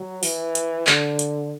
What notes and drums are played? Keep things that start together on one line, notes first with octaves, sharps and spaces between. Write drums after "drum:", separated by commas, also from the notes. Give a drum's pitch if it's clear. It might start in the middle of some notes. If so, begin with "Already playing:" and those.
Already playing: F#3
E3, drum: open hi-hat
drum: hi-hat
D3, drum: clap
drum: hi-hat